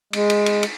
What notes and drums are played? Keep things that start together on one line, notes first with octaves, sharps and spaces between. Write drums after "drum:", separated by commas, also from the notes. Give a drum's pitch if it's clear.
G#3, drum: cymbal
drum: cymbal
drum: cymbal
drum: cymbal